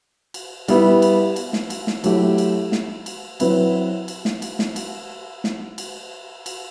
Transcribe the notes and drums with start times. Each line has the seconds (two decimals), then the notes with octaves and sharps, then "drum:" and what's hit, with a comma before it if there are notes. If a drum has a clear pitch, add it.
0.34 drum: cymbal
0.68 G3 B3 E4, drum: cymbal
1.02 drum: cymbal
1.36 drum: cymbal
1.53 drum: snare
1.70 drum: cymbal
1.87 drum: snare
2.04 F#3 A3 E4 G4, drum: cymbal
2.38 drum: cymbal
2.72 drum: snare
3.06 drum: cymbal
3.40 F#3 C4 E4 B4, drum: cymbal
4.08 drum: cymbal
4.25 drum: snare
4.42 drum: cymbal
4.59 drum: snare
4.76 drum: cymbal
5.44 drum: snare
5.78 drum: cymbal
6.46 drum: cymbal